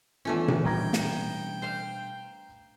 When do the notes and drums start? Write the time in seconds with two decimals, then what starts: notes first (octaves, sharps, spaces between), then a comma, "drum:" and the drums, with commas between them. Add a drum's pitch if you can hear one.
0.25 E3 A3 B3 C#4 D4 F4
0.48 drum: tom A#2
0.65 B2 G3 D4 G5 A#5 G#6 A#6
0.93 B3, drum: snare
1.62 C5 F5